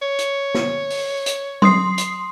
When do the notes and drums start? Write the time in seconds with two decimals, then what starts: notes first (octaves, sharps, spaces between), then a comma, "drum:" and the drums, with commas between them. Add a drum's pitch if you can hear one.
0.02 C#5
0.19 drum: hi-hat
0.55 drum: snare
0.90 drum: open hi-hat
1.26 drum: hi-hat
1.62 C6 D#6 C7, drum: tom F#3
1.98 drum: hi-hat